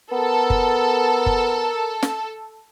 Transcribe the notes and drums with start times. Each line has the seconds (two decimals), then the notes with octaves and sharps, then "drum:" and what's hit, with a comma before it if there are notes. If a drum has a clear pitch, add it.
0.12 B3 A4 A#4
0.50 drum: kick
1.26 drum: kick
2.03 drum: snare